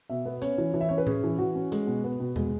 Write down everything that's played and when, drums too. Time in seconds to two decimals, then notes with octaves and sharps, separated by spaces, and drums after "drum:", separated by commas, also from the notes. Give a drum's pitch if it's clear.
0.10 B2 E5
0.26 B3
0.42 C#4 C#5, drum: hi-hat
0.58 E3
0.74 E3
0.81 E5
0.89 C#4 C#5
0.98 B4
1.07 C#4 G#4, drum: tom A2
1.24 E3
1.39 E3 F#4
1.55 C#4
1.72 G#3, drum: hi-hat
1.87 B2
2.04 B3
2.20 B2
2.36 G#3, drum: tom E2